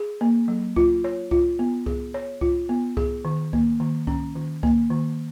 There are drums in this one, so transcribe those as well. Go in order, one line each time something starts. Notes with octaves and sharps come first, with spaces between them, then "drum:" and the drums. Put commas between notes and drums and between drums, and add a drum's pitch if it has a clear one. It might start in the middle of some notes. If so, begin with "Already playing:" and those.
Already playing: G#4
A#3
F#3
F4, drum: kick C2
C#5
F4, drum: kick C2
B3
G#4, drum: kick C2
C#5
F4, drum: kick C2
B3
G#4, drum: kick C2
D#3
A#3, drum: kick C2
D#3
C#4, drum: kick C2
D#3
A#3, drum: kick C2
D#3